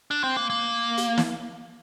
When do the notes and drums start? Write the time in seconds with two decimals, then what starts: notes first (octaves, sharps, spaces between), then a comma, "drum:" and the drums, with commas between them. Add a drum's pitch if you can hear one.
0.11 D4
0.24 C4
0.37 A#3
0.50 A#3
0.97 drum: hi-hat
1.18 drum: snare